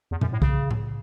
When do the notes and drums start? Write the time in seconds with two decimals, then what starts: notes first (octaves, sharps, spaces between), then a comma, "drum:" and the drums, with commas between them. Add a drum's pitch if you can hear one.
0.11 E2
0.21 F#2, drum: tom A#2
0.32 A2
0.42 C#3, drum: kick
0.71 drum: tom A2